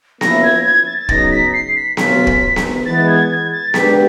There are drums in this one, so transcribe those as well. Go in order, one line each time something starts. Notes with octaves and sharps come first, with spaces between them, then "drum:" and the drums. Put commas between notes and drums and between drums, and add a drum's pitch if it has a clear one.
F3 A#3 C#4 E4 A#6, drum: snare B3
G#6
G#6
A6
A6
C#3 F#3 B3 D#4 A#6, drum: kick
B6
C7
B6
B2 F#3 A3 C#4 F4 B6, drum: snare B3
drum: kick
drum: snare B3
E3 G#3 B3 A6
A6
G#6
G#6
A6
G#3 B3 D4 G4 B6, drum: snare B3